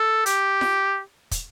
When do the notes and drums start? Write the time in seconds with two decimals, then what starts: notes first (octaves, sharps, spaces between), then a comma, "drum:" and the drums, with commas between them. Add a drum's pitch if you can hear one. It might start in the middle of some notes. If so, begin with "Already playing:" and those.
Already playing: A4
0.26 G4, drum: hi-hat
0.61 drum: snare F4
1.31 drum: kick, hi-hat